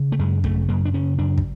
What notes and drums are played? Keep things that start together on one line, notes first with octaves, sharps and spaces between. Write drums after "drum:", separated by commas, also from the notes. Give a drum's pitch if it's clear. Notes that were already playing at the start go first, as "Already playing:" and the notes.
Already playing: C#3
A3
F#2 G#3
C#3 A3, drum: kick
F#2 A#3
D4
C#3 C#4
F#2 D4
drum: kick